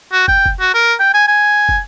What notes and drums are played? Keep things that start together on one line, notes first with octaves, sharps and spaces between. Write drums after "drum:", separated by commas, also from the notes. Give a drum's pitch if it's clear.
F#4
G5, drum: kick
drum: kick
F#4
A#4
G5
G#5
G#5
drum: kick